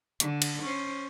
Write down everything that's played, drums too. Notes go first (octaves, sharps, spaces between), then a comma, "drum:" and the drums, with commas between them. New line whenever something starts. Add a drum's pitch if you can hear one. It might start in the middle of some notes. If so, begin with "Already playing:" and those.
D3, drum: hi-hat
drum: cymbal
C#4 C5